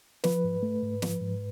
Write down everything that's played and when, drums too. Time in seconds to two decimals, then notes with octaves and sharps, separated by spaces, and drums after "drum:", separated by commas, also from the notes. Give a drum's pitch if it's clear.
0.24 F3 B4, drum: snare
0.44 G#2
0.63 A3
0.83 G#2
1.02 F3, drum: snare
1.21 G#2